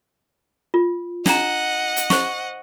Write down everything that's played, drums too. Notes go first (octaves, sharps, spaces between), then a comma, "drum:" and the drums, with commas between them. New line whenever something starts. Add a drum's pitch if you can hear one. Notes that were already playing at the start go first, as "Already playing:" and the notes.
F4
D4 D#5 F#5 A#5, drum: snare
drum: hi-hat
C5 C#6, drum: snare